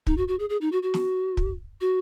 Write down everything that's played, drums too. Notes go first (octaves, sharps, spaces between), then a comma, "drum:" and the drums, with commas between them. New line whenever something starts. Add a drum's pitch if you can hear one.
D#4, drum: kick
F#4
F#4
G#4
G#4
D#4
F#4
F#4
drum: snare
drum: kick
F#4